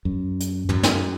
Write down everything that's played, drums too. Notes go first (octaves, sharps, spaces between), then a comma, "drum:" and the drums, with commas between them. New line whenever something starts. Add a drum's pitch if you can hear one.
F#2
drum: hi-hat
F#2, drum: tom
drum: snare